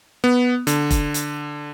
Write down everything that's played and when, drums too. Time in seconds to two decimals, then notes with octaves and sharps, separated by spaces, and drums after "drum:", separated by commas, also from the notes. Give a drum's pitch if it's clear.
0.24 B3
0.67 D3, drum: hi-hat
0.91 drum: kick F1, hi-hat
1.14 drum: hi-hat